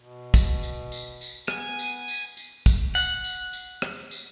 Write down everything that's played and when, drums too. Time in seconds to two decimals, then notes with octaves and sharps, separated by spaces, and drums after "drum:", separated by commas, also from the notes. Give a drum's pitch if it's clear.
0.01 B2
0.34 drum: kick, tambourine
0.63 drum: tambourine
0.92 drum: tambourine
1.21 drum: tambourine
1.48 B3 G#5, drum: rim click
1.79 drum: tambourine
2.08 drum: tambourine
2.37 drum: tambourine
2.66 drum: kick, tambourine
2.95 F#5, drum: tambourine
3.24 drum: tambourine
3.53 drum: tambourine
3.82 drum: rim click
4.11 drum: tambourine